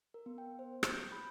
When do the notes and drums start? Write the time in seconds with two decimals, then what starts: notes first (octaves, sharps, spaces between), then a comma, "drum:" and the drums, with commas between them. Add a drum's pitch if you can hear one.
0.14 A#4
0.26 B3
0.38 G5
0.59 C5
0.83 drum: rim click
0.92 G6
1.12 B5